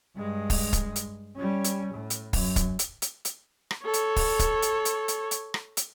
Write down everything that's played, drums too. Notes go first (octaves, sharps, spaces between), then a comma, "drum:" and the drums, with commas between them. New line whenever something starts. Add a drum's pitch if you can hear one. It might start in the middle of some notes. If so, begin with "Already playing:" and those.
G2 G#3
drum: kick, open hi-hat
drum: kick, hi-hat
drum: hi-hat
G3 C#4
drum: hi-hat
A2
drum: hi-hat
F#2, drum: kick, open hi-hat
drum: kick, hi-hat
drum: hi-hat
drum: hi-hat
drum: hi-hat
drum: rim click
A4 C#5
drum: hi-hat
drum: kick, open hi-hat
drum: kick, hi-hat
drum: hi-hat
drum: hi-hat
drum: hi-hat
drum: hi-hat
drum: rim click
drum: hi-hat